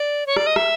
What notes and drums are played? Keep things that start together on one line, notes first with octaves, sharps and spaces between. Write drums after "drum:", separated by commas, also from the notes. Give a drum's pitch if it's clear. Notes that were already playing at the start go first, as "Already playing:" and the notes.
Already playing: D5
C#5
D5, drum: rim click
D#5
E5, drum: rim click